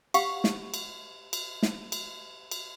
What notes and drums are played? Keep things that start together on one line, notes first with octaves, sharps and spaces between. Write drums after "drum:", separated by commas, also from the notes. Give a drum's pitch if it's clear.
G4 F5 F#5 C#6, drum: cymbal
drum: snare
drum: cymbal
drum: cymbal
drum: snare
drum: cymbal
drum: cymbal